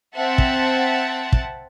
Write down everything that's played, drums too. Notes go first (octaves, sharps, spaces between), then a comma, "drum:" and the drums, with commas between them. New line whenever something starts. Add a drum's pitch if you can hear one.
C4 E5 F#5 A5
drum: kick
drum: kick